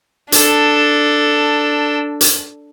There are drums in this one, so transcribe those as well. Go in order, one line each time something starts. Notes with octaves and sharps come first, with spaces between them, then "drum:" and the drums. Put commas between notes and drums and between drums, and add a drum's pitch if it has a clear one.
D4 A4, drum: hi-hat
drum: hi-hat